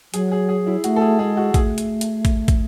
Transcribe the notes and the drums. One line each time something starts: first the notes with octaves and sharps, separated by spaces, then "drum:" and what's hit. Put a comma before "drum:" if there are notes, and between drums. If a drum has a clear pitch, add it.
F#3 G#4, drum: hi-hat
G#4
G#4
E4
A3 F#4, drum: hi-hat
A4
G#4
G#3 G#4
F#4
A3 G#4, drum: kick, hi-hat
drum: hi-hat
drum: hi-hat
drum: kick, hi-hat
drum: kick, hi-hat